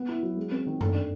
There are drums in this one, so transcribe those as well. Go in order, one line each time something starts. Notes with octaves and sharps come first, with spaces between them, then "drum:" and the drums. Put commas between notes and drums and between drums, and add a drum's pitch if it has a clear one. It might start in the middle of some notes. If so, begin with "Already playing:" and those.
Already playing: B3
E4
F#3
G#3
C4
D#3
A3, drum: tom F#2
D4